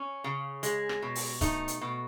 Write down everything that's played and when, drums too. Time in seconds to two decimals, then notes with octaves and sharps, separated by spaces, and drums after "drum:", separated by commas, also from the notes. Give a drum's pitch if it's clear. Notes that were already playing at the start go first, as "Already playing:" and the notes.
Already playing: C#4
0.24 C#3
0.63 G#3, drum: hi-hat
0.89 drum: rim click
1.02 B2
1.15 drum: open hi-hat
1.41 A3 D#4, drum: kick C#1, hi-hat
1.68 drum: hi-hat
1.81 B2